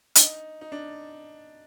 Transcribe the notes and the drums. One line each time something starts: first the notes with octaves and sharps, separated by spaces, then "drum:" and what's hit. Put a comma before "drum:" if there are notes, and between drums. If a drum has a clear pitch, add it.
D4, drum: hi-hat
D#4
D#4
D4